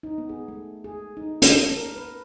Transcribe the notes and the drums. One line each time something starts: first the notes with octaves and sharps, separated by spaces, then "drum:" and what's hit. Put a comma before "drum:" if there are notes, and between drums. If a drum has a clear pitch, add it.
D#4
B3
G#4
A3
G#4
D#4
drum: hi-hat
D4
A#4
B4